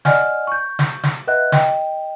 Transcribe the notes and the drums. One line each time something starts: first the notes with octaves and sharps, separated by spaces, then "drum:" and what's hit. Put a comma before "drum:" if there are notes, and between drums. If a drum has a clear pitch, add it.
D5 D#5 F#5 G#5 F6, drum: snare
C#6 G6
drum: snare
drum: snare
B4 D#5 E5 F#5 F#6
D#5 G5, drum: snare